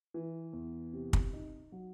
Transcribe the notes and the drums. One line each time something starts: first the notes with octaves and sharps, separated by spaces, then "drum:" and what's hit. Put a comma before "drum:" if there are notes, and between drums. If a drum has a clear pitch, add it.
E3
E2
C3
drum: kick
D#4
F#3